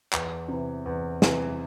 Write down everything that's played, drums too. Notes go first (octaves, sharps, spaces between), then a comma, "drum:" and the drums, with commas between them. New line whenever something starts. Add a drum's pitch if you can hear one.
E2, drum: clap
C3 E3
E2
C3 E3, drum: snare